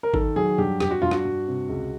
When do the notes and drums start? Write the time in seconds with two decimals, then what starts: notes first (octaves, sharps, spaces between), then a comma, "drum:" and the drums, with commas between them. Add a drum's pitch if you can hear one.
0.03 A#4
0.14 D#3 A4, drum: kick G#1
0.36 F#3 G#4
0.58 G2 G4
0.80 G2 G4, drum: rim click
0.91 F#4
1.02 G2 F4
1.11 F#4, drum: rim click
1.25 G2
1.48 C3
1.69 C#2